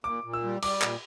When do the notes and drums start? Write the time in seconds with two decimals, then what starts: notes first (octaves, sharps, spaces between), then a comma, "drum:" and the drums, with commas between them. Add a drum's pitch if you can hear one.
0.04 A#2 D6
0.24 A#2
0.33 E6
0.43 G3
0.62 G3 D6, drum: cymbal
0.82 A#2, drum: clap